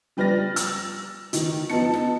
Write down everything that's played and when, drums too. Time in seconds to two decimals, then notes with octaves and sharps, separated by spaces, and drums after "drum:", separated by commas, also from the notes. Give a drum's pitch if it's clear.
0.17 F3 G3 B4 F6 A6 A#6
0.56 E6, drum: hi-hat
1.33 D#3 E3, drum: hi-hat
1.69 F3 B3 D#4 A5 C#7, drum: snare
1.94 drum: snare